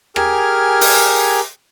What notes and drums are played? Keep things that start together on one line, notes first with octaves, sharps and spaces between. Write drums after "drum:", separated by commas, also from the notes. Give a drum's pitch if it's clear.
G4 G#4 A#4 G#5 F6, drum: rim click
drum: open hi-hat